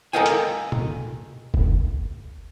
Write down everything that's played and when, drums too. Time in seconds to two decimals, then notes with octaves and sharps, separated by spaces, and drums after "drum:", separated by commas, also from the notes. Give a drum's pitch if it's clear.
0.13 A4 A#4 D#5 F5 G5 G#5
0.26 drum: hi-hat
0.72 drum: tom
1.54 drum: kick